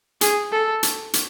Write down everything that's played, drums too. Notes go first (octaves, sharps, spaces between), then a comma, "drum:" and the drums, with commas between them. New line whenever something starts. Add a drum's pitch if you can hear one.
G#4, drum: hi-hat
A4
drum: hi-hat
drum: hi-hat